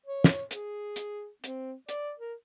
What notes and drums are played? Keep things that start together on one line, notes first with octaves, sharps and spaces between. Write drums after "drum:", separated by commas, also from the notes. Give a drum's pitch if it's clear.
C#5
drum: snare
G#4, drum: hi-hat
drum: hi-hat
C4, drum: hi-hat
D5, drum: hi-hat
A#4